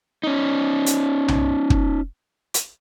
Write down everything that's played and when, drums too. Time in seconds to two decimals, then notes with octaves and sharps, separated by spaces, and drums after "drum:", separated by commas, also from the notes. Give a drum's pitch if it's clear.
0.23 C#4 D#4
0.86 drum: hi-hat
1.28 drum: tom B1
1.70 drum: kick
2.54 drum: hi-hat